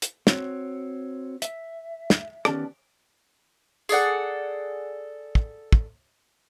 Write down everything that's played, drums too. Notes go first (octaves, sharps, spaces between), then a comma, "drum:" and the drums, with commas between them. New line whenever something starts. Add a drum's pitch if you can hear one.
drum: hi-hat
C4 F#4 C#5, drum: snare
E5, drum: hi-hat
drum: snare
D#3 B3 C#4 G4 D5 A5, drum: rim click
G#4 A4 D5 F#5, drum: tambourine
drum: kick
drum: kick